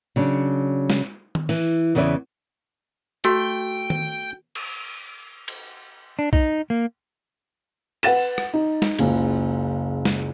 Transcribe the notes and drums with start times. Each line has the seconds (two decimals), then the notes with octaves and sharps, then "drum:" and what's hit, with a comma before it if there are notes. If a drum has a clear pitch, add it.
0.16 C#3 F#3 D4
0.90 drum: snare
1.35 drum: tom D#3
1.49 E3, drum: open hi-hat
1.95 E2 C#3 E3 B3 D5 E5
3.25 A3 F#4 G5
3.90 drum: tom D#3
4.55 drum: cymbal
5.48 drum: cymbal
6.19 D4
6.33 D#4, drum: kick B1
6.70 A#3
8.03 B4 F#5 A6 E7, drum: cymbal
8.38 drum: rim click
8.54 D#4
8.82 drum: snare
8.99 F#1 C#2, drum: cymbal
10.05 drum: snare